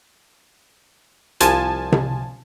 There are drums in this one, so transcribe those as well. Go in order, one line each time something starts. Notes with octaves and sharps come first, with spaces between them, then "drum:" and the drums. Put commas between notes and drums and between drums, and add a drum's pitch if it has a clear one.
C2 F3 G#5 A5, drum: hi-hat
drum: tom C3